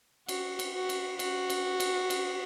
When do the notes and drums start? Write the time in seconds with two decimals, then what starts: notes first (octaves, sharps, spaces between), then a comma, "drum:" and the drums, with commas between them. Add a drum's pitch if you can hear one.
0.28 F#4, drum: cymbal
0.59 drum: cymbal
0.75 F#4
0.89 drum: cymbal
1.19 F#4, drum: cymbal
1.50 drum: cymbal
1.80 drum: cymbal
2.10 drum: cymbal